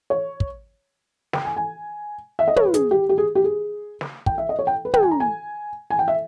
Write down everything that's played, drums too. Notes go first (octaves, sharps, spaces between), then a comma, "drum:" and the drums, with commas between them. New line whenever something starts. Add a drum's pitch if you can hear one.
C#5
drum: kick
G5, drum: snare
G#5
G#5
E5
D#5
C#5, drum: tom
B4
G#4, drum: hi-hat
G4
G4
G#4
G4
G#4
drum: snare
G5, drum: kick
E5
D#5
C#5
G5
B4
G5, drum: tom
G#5
A#5
G#5
G#5
G5
E5